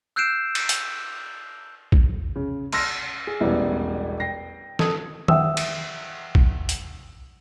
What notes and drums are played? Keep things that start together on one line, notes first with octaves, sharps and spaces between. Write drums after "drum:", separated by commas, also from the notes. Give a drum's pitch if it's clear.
E6 F#6 G6 C7 D7 E7
drum: cymbal
drum: hi-hat
drum: kick A#1
C#3
A5 C6 E6 F6 A#6, drum: cymbal
G#4
E1 A1 G3 B3 E4
G5 A#6 C7
A4 D#6 G#6, drum: snare
E5 F#5 G5 D#6 E6, drum: tom D#3
drum: cymbal
drum: kick A#1
drum: hi-hat